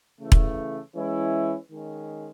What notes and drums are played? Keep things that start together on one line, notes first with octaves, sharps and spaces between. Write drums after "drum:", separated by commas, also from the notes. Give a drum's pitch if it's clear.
C#3 E3 A3
drum: kick E1
E3 G#3 C#4 E4
D#3 G#3 C#4